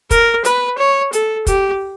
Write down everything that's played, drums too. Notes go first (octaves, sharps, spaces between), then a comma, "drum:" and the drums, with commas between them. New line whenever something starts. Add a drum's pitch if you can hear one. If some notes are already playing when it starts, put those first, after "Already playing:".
A#4, drum: kick, hi-hat
B4, drum: hi-hat
C#5
A4, drum: hi-hat
G4, drum: kick, hi-hat